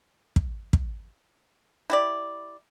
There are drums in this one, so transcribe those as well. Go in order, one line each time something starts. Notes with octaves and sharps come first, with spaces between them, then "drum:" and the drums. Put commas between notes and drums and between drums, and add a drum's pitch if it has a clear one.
drum: kick
drum: kick
E4 G4 D5